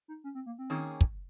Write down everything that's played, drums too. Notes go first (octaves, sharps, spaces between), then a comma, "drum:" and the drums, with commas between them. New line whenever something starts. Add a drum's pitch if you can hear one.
D#4
C#4
C4
A#3
C4
D#3 A#3 C#4 G#4
drum: kick